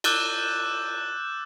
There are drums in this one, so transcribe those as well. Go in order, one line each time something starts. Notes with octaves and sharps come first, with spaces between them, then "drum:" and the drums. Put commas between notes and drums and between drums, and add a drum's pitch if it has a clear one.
D6 E6 F#6 G6 A6 E7, drum: cymbal